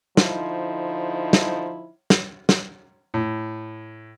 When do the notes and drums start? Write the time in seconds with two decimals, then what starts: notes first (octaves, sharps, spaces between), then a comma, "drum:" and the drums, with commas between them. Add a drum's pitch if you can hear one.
0.17 D3 F3 D#4 E4 C5, drum: snare
1.33 drum: snare
2.10 drum: snare
2.49 drum: snare
3.14 A2